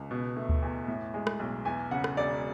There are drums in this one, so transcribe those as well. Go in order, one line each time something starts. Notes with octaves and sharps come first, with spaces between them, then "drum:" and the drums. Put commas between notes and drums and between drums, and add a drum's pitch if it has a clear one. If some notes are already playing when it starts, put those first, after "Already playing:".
Already playing: C#2
B2
A3
drum: kick D2
E2
A2
G#3
drum: rim click
B1
E2 G#5
C#3 F#5
drum: rim click
E1 D5